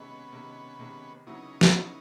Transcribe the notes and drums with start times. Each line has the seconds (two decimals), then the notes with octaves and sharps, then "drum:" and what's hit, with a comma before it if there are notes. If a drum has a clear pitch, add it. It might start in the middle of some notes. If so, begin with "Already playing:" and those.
Already playing: C3 D#3 G#3 B3 C#4
0.32 C3 D#3 G#3
0.79 C3 D#3 G#3
1.27 C#3 F#3 B3 C#4 D#4 E4
1.61 drum: snare
1.74 C#3 F#3 B3 E4